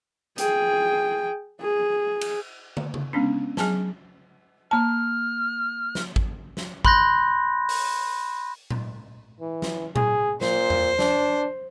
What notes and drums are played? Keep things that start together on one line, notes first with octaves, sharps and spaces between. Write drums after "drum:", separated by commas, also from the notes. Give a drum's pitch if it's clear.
G#4 G5, drum: hi-hat
G#4
drum: cymbal
drum: tom
drum: tom C#3
G#3 B3 C#4 D4
F#3 G#4 G#5 A5, drum: snare
A#3 A5 F6
drum: snare
drum: kick G#1
drum: snare
B5 C6 F#6 G6 A#6, drum: kick G#1
drum: open hi-hat
drum: tom A#2
E3
drum: snare
G#4, drum: tom A#2
A#2 C5, drum: snare
drum: tom E2
D4, drum: snare